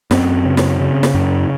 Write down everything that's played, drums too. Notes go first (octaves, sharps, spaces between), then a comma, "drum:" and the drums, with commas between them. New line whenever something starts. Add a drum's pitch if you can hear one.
F#2 C4, drum: snare
C#3
drum: snare
C#3
drum: snare
F#2